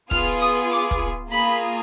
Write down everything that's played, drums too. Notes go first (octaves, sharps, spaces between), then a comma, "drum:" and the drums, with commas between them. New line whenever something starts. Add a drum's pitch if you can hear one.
B3 F4 G#4 F6, drum: kick
D#6
D6
drum: kick
A#3 F4 G#4 B5